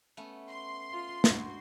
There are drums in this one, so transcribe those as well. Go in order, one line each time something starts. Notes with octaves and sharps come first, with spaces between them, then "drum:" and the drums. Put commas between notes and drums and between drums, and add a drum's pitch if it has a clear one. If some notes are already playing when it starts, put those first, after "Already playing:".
A3 B3 C#4
C6
F4
G2 G#3 F#4, drum: snare